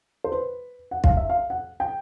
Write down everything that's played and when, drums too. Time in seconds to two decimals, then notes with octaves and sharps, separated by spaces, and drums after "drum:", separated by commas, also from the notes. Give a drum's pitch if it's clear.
0.24 C5
0.32 B4
0.91 F#5
1.04 F5, drum: kick
1.17 E5
1.29 F5
1.50 F#5
1.80 G5